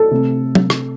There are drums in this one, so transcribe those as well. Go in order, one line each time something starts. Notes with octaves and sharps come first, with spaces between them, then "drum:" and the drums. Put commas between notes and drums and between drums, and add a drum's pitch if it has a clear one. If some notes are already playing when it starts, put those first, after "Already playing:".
Already playing: A4
C3 A3
drum: tom
drum: rim click